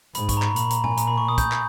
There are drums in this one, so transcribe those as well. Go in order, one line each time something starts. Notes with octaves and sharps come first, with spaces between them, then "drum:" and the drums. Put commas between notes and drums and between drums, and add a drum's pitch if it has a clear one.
G#2 B5, drum: hi-hat
C#6, drum: kick, hi-hat
A#5
B5, drum: clap
A#2 B5, drum: hi-hat
A#5, drum: hi-hat
G#5, drum: tom G#2
A#5, drum: hi-hat
B5
C#6
D#6
G6, drum: kick, hi-hat
drum: clap